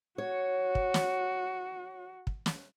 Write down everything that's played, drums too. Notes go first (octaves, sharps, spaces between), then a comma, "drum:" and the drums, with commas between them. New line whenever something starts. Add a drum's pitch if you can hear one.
F#4 C#5
drum: kick
drum: snare
drum: kick
drum: snare